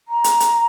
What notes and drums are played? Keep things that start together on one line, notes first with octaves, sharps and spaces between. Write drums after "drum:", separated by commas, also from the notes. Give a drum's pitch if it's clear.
A#5
drum: hi-hat
drum: hi-hat